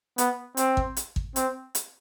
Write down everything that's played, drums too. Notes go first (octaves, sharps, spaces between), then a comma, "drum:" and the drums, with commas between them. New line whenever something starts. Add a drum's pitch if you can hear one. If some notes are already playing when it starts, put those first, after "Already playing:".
B3, drum: hi-hat
C4, drum: hi-hat
drum: kick
drum: hi-hat
drum: kick
C4, drum: hi-hat
drum: hi-hat